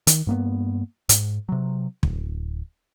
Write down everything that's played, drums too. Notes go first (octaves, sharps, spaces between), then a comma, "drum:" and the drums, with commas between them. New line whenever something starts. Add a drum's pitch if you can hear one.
D#3, drum: hi-hat
G2 A#3 B3
G#2, drum: hi-hat
C3 F#3
D1, drum: kick